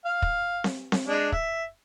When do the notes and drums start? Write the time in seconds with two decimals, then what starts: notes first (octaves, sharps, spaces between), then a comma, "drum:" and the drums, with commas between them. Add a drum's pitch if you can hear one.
0.05 F5
0.22 drum: kick
0.64 drum: snare C4
0.92 drum: snare C4
1.06 G#3 D4
1.32 E5, drum: kick